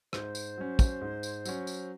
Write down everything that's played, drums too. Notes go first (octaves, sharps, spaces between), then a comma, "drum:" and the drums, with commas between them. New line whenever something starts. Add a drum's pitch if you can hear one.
G#2 C5, drum: rim click
drum: tambourine
F#3 C#4
drum: kick, tambourine
G#2
drum: tambourine
F#3 C#4, drum: tambourine
drum: tambourine